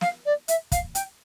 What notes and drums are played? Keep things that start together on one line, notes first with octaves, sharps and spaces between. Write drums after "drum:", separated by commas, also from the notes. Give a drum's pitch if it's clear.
F5, drum: snare
D5
E5, drum: hi-hat
F5, drum: kick, hi-hat
G5, drum: hi-hat